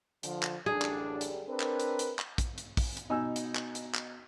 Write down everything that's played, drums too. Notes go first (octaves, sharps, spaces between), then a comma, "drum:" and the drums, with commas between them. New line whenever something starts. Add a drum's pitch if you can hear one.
D3 F3, drum: hi-hat
drum: clap
A1 F#2 D3 G3 D4 G#4
drum: clap
drum: hi-hat
C4 D4 A#4 B4
drum: clap
drum: hi-hat
drum: hi-hat
drum: clap
drum: kick, hi-hat
drum: hi-hat
drum: kick, open hi-hat
drum: hi-hat
B2 D#4 G#5 E6
drum: hi-hat
drum: clap
drum: hi-hat
drum: clap